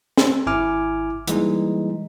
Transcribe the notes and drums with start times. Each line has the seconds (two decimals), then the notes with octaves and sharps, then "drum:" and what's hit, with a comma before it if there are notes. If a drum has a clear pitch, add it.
0.17 drum: snare
0.46 G#1 E4 G#5 D6 F6
1.28 E3 G3 G#3 A#3 D#4, drum: hi-hat